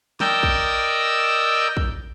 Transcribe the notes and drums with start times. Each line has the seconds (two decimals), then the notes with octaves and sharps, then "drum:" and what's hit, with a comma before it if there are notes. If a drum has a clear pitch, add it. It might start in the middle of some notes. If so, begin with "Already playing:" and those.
0.20 A#4 D5 D#5 G5 E6, drum: snare
0.43 drum: kick
1.77 drum: kick